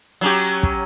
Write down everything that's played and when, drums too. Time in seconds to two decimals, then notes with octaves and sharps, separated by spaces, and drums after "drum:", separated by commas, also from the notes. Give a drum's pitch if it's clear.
0.21 F#3 C#4 G4
0.63 drum: kick